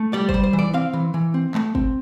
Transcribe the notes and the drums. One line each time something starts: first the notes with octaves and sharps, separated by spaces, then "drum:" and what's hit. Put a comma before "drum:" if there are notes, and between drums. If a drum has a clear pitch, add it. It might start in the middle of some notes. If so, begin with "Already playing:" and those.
Already playing: A3
G3 D5
C5, drum: kick
G3
C5
E3
D5
C4 F5
E3
E3
C4
A3, drum: clap
C4, drum: kick